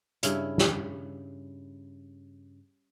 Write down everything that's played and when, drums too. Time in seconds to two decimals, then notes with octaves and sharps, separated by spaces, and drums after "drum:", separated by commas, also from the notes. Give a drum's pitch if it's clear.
0.23 G2 C#3 E4, drum: hi-hat
0.58 drum: snare